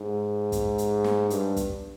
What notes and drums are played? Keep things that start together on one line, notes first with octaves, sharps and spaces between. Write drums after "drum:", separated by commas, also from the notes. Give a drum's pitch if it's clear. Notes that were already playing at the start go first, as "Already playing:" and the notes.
Already playing: G#2
drum: kick, hi-hat
drum: hi-hat
drum: snare
G2, drum: hi-hat
drum: kick, hi-hat